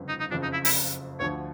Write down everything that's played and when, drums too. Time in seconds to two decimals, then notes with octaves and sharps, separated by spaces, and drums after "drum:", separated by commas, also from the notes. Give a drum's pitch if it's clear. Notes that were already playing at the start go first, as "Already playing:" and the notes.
Already playing: G1 F2 C#3 F3
0.09 D#4
0.20 D#4
0.31 F#1 F2 C#3 F3 D4
0.43 D#4
0.53 E4
0.65 E4, drum: open hi-hat
1.19 D2 D3 F3 C#5